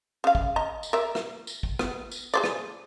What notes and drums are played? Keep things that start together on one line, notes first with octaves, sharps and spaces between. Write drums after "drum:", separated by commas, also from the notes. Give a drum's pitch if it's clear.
C#3 F5
drum: kick
D#5 A#5
drum: tambourine
A#4 E5
drum: rim click
drum: tambourine
drum: kick
B3, drum: rim click
drum: tambourine
G#4 C5 D5
drum: rim click